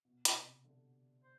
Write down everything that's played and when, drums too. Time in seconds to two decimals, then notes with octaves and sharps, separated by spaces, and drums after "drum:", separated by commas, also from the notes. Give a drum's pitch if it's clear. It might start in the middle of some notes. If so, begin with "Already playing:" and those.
0.05 B2
0.25 C3, drum: hi-hat
0.44 C3
0.65 D3
1.23 C5